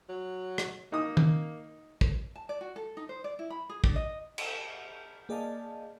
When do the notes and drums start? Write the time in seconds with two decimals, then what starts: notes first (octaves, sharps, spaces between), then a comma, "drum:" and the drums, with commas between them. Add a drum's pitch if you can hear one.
0.09 F#3
0.58 drum: rim click
0.92 A#3 D#4 D#6
1.17 drum: tom
2.01 drum: kick
2.36 A5
2.49 D5
2.61 F#4
2.76 A4
2.97 D#4
3.09 C5
3.24 D5
3.39 E4
3.50 B5
3.69 G#4
3.84 D4, drum: kick
3.96 D#5
4.38 drum: cymbal
5.29 A#3 G#4 D5 D#5 F5 A5